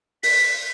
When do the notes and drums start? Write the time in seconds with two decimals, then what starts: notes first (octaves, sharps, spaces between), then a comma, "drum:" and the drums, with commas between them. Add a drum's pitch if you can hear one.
0.23 B6, drum: open hi-hat